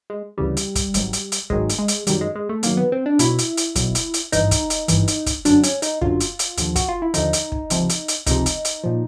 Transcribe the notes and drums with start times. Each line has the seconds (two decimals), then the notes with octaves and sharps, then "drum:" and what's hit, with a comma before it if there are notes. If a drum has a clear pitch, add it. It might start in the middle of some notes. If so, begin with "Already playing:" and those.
0.10 G#3
0.38 D2 C#3 E3 G3
0.57 drum: hi-hat
0.75 drum: kick, hi-hat
0.94 G#1 G#2 D#3 F#3, drum: hi-hat
1.13 drum: hi-hat
1.32 drum: hi-hat
1.50 G#1 G#2 D#3 F#3 G#3, drum: kick
1.69 drum: hi-hat
1.79 G#3
1.88 drum: hi-hat
2.07 F#2 D#3 F#3 G3, drum: hi-hat
2.21 G#3
2.35 G#3
2.49 A3
2.63 F#2 D#3 F#3 A#3, drum: hi-hat
2.77 B3
2.92 C4
3.06 D4
3.19 B1 B2 F#3 E4, drum: hi-hat
3.38 drum: hi-hat
3.57 drum: hi-hat
3.75 B1 B2 F#3, drum: kick, hi-hat
3.95 drum: hi-hat
4.14 drum: hi-hat
4.32 G#1 G2 E3 D#4, drum: hi-hat
4.51 drum: kick, hi-hat
4.70 drum: hi-hat
4.88 G#1 G2 E3, drum: hi-hat
5.08 drum: hi-hat
5.26 drum: kick, hi-hat
5.45 F#2 D3 F#3 D4, drum: hi-hat
5.63 C#4, drum: hi-hat
5.82 D#4, drum: hi-hat
6.02 F#2 D3 F#3 F4, drum: kick
6.20 drum: hi-hat
6.39 drum: hi-hat
6.57 D#2 D3 F3, drum: hi-hat
6.76 F#4, drum: kick, hi-hat
6.89 F4
7.02 E4
7.14 D#2 D3 F3 D#4, drum: hi-hat
7.33 drum: hi-hat
7.52 drum: kick
7.70 C#2 C3 F3, drum: hi-hat
7.89 drum: hi-hat
8.08 drum: hi-hat
8.26 C#2 C3 F3 D#4, drum: kick, hi-hat
8.46 drum: hi-hat
8.65 drum: hi-hat
8.84 A#2 F3